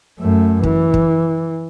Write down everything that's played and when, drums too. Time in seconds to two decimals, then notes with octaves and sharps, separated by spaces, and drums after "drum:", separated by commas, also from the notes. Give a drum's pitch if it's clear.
0.20 F#2 A3
0.63 E3, drum: kick
0.94 drum: kick